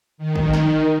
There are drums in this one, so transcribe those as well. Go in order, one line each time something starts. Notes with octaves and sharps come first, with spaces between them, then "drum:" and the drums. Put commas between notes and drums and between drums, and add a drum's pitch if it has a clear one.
D#3
drum: kick G#1
drum: snare